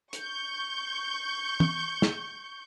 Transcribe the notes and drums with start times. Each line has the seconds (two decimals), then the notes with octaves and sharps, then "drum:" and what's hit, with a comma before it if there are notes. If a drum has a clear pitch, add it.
0.13 C#6 G6, drum: hi-hat
1.60 drum: tom
2.02 drum: snare